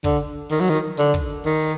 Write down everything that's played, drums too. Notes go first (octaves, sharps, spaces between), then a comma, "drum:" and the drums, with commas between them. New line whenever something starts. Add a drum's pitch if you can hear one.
D3, drum: kick
D#3
F#3
D#3
D3
drum: kick
D#3